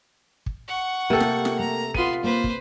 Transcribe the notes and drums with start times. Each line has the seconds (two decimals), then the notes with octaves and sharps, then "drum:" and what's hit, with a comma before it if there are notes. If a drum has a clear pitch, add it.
0.46 drum: kick
0.68 F#5 C#6
1.10 C3 A3 A#3 A4 G5
1.20 drum: snare
1.45 drum: snare
1.59 A3 A#5
1.94 B3 F4 C6 D#7, drum: kick
2.24 A#3 B4 C5
2.44 drum: kick